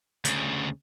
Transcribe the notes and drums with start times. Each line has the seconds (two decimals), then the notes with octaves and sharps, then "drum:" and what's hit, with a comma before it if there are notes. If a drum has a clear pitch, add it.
0.25 D2 C#3, drum: hi-hat